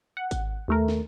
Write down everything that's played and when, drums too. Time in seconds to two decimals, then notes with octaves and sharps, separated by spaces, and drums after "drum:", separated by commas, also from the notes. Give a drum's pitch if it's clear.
0.17 F#5
0.31 drum: kick G#1, hi-hat
0.68 D#2 A3 A#4
0.88 drum: snare